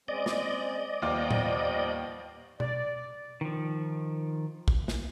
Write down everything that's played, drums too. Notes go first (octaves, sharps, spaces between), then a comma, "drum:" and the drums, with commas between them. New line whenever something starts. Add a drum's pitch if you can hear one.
G#3 C4 C#4 D5 D#5
drum: snare
D#2 F3 G3 B3 F4 D6
drum: tom A2
D5, drum: tom B2
D#3 F3
drum: kick A1
drum: snare